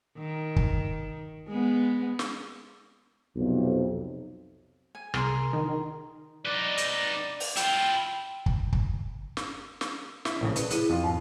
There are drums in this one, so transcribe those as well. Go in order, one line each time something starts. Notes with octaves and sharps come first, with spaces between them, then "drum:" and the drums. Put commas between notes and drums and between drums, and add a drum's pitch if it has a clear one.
D#3
drum: kick
G#3 B3
drum: snare
B1 F2 C3
G#5
C2 G#4 A#4 C6, drum: rim click
D#3
D#3
D#4 B4 D5
drum: hi-hat
drum: open hi-hat
E4 F4 G5, drum: hi-hat
drum: kick
drum: kick
drum: snare
drum: snare
E4, drum: snare
A#1 A2 C#3
B4, drum: hi-hat
E4 G#4, drum: hi-hat
F2 F4
G#2